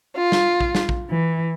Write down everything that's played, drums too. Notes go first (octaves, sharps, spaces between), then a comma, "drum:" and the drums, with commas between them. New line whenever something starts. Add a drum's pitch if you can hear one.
F4
drum: snare
drum: kick A#1
drum: snare
drum: kick A#1
E3